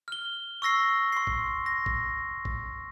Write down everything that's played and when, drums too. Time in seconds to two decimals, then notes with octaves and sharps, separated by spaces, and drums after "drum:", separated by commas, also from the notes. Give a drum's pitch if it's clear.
0.08 F6 G7
0.62 C#6 E6 A#6 C7
1.12 C6 C7
1.27 drum: kick A1
1.66 A#6
1.86 drum: kick A1
2.45 drum: kick A1